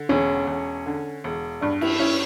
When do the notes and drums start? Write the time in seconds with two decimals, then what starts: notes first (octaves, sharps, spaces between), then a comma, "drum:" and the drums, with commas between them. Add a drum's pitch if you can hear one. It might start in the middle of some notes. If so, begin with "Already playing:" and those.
Already playing: D3
0.09 E1 C#4
0.47 E1
0.86 D3
1.24 E1
1.61 G2 D4
1.81 E4, drum: cymbal
1.99 C#4 E4